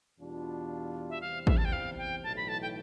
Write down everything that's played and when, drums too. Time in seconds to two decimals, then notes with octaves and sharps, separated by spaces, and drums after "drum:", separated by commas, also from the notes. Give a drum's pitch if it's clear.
0.19 E2 B2 G3 D4 F4
1.10 E5
1.21 E2 C3 G3 C4 F5
1.47 E5, drum: kick
1.57 A5
1.65 G5
1.73 F5
1.98 G5
2.24 B1 A2 E3 A5
2.37 B5
2.49 A5
2.62 G5